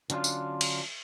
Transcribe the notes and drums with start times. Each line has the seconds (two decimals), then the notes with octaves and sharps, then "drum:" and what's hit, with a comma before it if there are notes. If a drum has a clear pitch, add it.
0.10 D3 F#3 C#4 D4 F4, drum: hi-hat
0.24 drum: tambourine
0.61 drum: cymbal